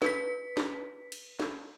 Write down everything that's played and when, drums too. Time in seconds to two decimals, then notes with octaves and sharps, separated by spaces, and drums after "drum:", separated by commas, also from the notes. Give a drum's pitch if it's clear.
0.02 B4 B6, drum: snare
0.57 drum: snare
1.12 drum: cymbal
1.40 drum: snare